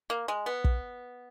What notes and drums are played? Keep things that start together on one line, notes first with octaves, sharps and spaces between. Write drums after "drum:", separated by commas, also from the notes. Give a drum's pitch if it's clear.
A#3
G#3
B3
drum: kick